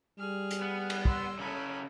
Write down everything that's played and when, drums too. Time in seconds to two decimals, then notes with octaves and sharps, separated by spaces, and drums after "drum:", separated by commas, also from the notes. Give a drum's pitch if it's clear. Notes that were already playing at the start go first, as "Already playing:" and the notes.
0.19 G3 G#4 F6
0.51 drum: hi-hat
0.62 B3
0.90 drum: cymbal
1.05 C6 E6, drum: kick
1.39 C#3 F#3 C#4 A4 B5